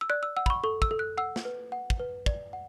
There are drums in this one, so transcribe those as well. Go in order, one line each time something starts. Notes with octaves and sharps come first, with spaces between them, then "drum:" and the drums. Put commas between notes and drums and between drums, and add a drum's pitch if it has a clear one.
E6
D5 F#6
E6
F#5 E6
B5, drum: kick
C#6
A4 C#6
E6, drum: kick
A4
F#6
F#5 E6
drum: snare
B4
F#5
drum: kick
B4
D5, drum: kick
F#5